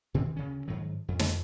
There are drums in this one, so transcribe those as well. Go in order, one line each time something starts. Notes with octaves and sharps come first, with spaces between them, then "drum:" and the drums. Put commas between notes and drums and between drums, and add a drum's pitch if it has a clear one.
B2 D#3 E3
D2 C#3 C#4
G#2 D#3 F3 F#3
F2
drum: snare